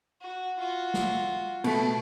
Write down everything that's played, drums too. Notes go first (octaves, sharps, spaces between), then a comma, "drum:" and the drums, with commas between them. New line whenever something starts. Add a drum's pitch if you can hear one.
F#4
F4 F#4
drum: snare
B2 A3, drum: cymbal